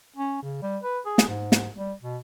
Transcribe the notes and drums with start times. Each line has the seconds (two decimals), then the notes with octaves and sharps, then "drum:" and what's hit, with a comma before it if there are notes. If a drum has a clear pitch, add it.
0.16 C#4
0.42 C#3
0.62 G3
0.83 B4
1.05 G#4
1.18 drum: snare
1.28 G#2
1.52 drum: snare
1.77 G3
2.02 B2